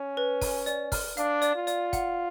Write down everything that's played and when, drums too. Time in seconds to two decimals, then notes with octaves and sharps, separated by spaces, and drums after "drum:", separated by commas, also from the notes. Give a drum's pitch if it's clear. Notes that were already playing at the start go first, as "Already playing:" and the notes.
Already playing: C#4
0.17 B4
0.41 G#5, drum: kick, open hi-hat
0.66 D5, drum: hi-hat
0.92 F6, drum: kick, open hi-hat
1.17 D4 F5, drum: hi-hat
1.42 D5, drum: hi-hat
1.55 F4
1.67 D5, drum: hi-hat
1.93 F#5, drum: kick, hi-hat